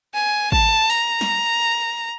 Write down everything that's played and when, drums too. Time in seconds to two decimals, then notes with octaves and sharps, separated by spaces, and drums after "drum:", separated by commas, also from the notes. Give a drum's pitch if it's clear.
0.14 G#5
0.52 A5, drum: kick
0.90 A#5, drum: open hi-hat
1.21 drum: snare